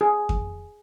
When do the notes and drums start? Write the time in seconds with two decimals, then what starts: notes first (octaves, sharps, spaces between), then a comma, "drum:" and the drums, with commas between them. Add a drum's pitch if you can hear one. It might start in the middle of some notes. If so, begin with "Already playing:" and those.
0.01 G#4
0.29 drum: kick F2